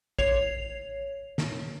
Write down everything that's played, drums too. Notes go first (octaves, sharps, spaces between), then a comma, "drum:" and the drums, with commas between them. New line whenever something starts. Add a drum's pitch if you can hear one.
C#5 C7 F7, drum: kick A#1
drum: snare